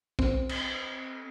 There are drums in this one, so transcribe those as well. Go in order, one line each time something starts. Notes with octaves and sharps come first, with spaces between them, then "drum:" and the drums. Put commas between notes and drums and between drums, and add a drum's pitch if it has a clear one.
C4, drum: kick
drum: cymbal